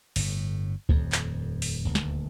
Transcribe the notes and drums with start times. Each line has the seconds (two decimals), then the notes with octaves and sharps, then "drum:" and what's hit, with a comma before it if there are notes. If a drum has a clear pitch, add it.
0.16 G1 A2, drum: open hi-hat
0.89 D#1 F2, drum: kick C#2
1.12 drum: clap
1.62 drum: open hi-hat
1.85 D#1 D2
1.95 drum: snare